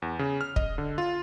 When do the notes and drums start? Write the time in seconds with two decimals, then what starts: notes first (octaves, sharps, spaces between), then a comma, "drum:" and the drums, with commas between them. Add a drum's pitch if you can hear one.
0.02 E2
0.19 C#3
0.41 F6
0.56 D#5, drum: kick
0.78 D3
0.98 F4